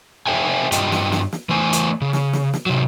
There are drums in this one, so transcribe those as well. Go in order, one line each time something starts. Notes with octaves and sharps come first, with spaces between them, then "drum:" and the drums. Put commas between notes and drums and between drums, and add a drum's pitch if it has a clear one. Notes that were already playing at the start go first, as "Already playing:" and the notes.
A4 C5 E5 G5 G#5
G2 F4 G4 D#5 G5, drum: hi-hat
drum: snare
drum: snare
drum: snare
E3 A3 C5 G#5
drum: hi-hat
C#3
drum: snare
drum: snare
drum: snare
C3 F#3